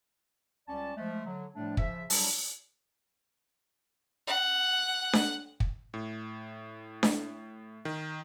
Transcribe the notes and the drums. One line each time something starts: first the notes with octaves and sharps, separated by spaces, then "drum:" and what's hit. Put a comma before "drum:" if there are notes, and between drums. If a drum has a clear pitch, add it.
C#2 G3 C#4 D5 A5
F3 G#3 A3
D3 F#3
A2 F3 G3 A3 D4
C#3 F3 E5, drum: kick
F#3 G3 D4 E4, drum: open hi-hat
F#5
drum: snare D4
drum: kick
A2
drum: snare D4
D#3